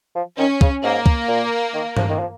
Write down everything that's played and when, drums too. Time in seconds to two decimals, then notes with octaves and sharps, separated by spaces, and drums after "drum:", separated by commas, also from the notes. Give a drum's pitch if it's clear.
0.15 F3
0.38 D#3 C#4
0.61 C#3, drum: kick
0.83 G#2 A#3
1.06 drum: kick
1.28 A#2
1.74 D#3
1.97 F3, drum: tom G2
2.10 D#3
2.19 F3